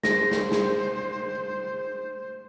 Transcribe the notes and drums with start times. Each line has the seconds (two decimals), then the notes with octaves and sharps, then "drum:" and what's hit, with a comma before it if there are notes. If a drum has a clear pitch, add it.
0.03 C5 A#6, drum: snare
0.31 drum: snare
0.52 drum: snare